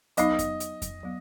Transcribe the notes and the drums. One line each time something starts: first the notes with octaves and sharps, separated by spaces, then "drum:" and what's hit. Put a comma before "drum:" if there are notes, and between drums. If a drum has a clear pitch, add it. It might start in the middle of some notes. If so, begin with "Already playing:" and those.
F#3 B3 D#4 D#5, drum: hi-hat
drum: kick F2, hi-hat
drum: hi-hat
drum: kick F2, hi-hat
F#3 B3